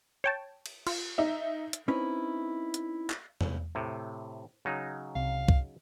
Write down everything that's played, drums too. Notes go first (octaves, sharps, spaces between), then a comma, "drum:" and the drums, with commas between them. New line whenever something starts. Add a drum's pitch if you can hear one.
C#5 G5 A5
drum: cymbal
F4, drum: cymbal
D#4 E5
drum: hi-hat
C4 C#4 D#4 E4 B4 E5
drum: hi-hat
drum: clap
drum: tom E2
A2 C3
C#3 F#3 D#4
C2 C3 F5
drum: kick C2